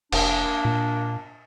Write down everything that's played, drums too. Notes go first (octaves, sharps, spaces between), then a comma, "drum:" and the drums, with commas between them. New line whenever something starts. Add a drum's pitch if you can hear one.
F1 A#3 D4, drum: cymbal
A#2